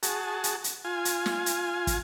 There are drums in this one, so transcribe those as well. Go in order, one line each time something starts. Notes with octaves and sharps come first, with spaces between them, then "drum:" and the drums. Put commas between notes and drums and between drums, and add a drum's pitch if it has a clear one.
F#4 G#4 A5, drum: hi-hat
drum: hi-hat
drum: hi-hat
F4 G#5
drum: hi-hat
drum: snare
drum: hi-hat
drum: kick, hi-hat